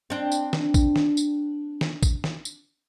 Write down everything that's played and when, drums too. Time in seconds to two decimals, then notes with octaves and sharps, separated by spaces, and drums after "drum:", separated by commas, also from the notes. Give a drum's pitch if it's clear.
0.10 C4 D4
0.32 drum: tambourine
0.53 drum: snare
0.74 drum: kick A1, tambourine
0.96 drum: snare
1.17 drum: tambourine
1.81 drum: snare
2.03 drum: kick A1, tambourine
2.24 drum: snare
2.45 drum: tambourine